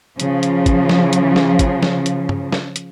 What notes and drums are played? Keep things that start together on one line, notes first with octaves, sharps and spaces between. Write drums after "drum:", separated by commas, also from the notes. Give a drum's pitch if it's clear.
C#3 F3, drum: hi-hat
drum: hi-hat
drum: kick, hi-hat
drum: snare
drum: hi-hat
drum: snare
drum: kick, hi-hat
drum: snare
drum: hi-hat
drum: tom
drum: snare
drum: hi-hat